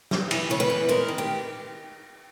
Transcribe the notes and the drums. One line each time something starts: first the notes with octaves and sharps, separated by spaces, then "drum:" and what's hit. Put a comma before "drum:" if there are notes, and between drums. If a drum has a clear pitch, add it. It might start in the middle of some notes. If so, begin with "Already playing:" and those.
G2, drum: snare
E3, drum: cymbal
C#3 C#5
B4
E2
G#3 A#4
D#3
G4